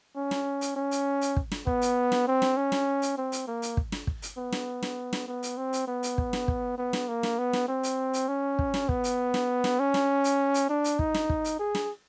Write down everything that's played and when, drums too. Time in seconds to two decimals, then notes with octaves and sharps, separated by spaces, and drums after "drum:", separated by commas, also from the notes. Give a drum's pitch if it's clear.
0.16 C#4
0.31 drum: snare
0.61 drum: hi-hat
0.76 C#4
0.91 drum: hi-hat
1.21 drum: hi-hat
1.36 drum: kick
1.52 drum: snare
1.67 B3, drum: kick
1.82 drum: hi-hat
2.12 drum: snare
2.27 C4
2.42 drum: snare
2.57 C#4
2.72 drum: snare
3.02 drum: hi-hat
3.17 C4
3.32 drum: hi-hat
3.47 A#3
3.62 drum: hi-hat
3.77 drum: kick
3.92 drum: snare
4.07 drum: kick
4.22 drum: hi-hat
4.37 B3
4.52 drum: snare
4.83 drum: snare
5.13 drum: snare
5.28 B3
5.43 drum: hi-hat
5.57 C4
5.73 drum: hi-hat
5.87 B3
6.03 drum: hi-hat
6.18 drum: kick
6.33 drum: snare
6.48 drum: kick
6.78 B3
6.93 drum: snare
7.08 A#3
7.23 drum: snare
7.38 B3
7.53 drum: snare
7.68 C4
7.83 drum: hi-hat
8.14 drum: hi-hat
8.28 C#4
8.59 drum: kick
8.74 drum: snare
8.89 B3, drum: kick
9.04 drum: hi-hat
9.34 drum: snare
9.64 drum: snare
9.79 C#4
9.94 drum: snare
10.24 drum: hi-hat
10.54 drum: hi-hat
10.69 D4
10.84 drum: hi-hat
10.99 D#4, drum: kick
11.14 drum: snare
11.29 drum: kick
11.45 drum: hi-hat
11.59 G#4
11.75 drum: snare